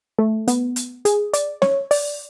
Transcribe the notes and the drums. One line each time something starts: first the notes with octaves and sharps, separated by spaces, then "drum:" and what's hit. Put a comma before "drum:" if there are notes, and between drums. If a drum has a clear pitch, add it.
A3
B3, drum: hi-hat
drum: hi-hat
G#4, drum: hi-hat
D5, drum: hi-hat
C#5, drum: snare
D5, drum: open hi-hat